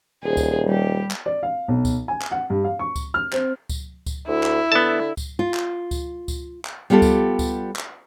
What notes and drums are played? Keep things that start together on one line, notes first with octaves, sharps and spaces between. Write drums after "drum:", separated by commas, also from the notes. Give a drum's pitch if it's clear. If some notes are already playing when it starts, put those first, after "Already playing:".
D#1 G#4 C5
drum: kick C#2, tambourine
G3 G4
drum: clap
D5
F5
B1
drum: kick C#2, tambourine
G#5
drum: clap
F#5
G2
F5
C#6
drum: kick C#2, tambourine
F6
C4, drum: clap
drum: kick C#2, tambourine
drum: kick C#2, tambourine
D2 E4
drum: clap
D3 B3 A5
drum: kick C#2, tambourine
F4
drum: clap
drum: kick C#2, tambourine
drum: kick C#2, tambourine
drum: clap
G3 B3 F4 G4 A4
drum: kick C#2, tambourine
drum: kick C#2, tambourine
drum: clap